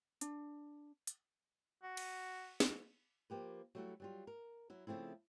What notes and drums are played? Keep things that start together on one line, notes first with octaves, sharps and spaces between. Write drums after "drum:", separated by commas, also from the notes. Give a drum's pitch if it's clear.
D4, drum: hi-hat
drum: hi-hat
F#4
drum: cymbal
drum: snare
F3 A#3 G4 B4
F#3 G3 A3 E4 F#4
F#3 G3 F4
A#4
F#3 E4
C#3 F3 A3 C4 E4